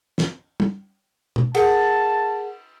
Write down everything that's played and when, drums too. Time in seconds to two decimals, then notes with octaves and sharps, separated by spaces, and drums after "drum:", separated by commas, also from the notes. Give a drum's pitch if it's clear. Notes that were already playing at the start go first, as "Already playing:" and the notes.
0.18 drum: snare
0.60 drum: tom
1.36 drum: tom
1.55 G#4 A#4 F#5 A5, drum: cymbal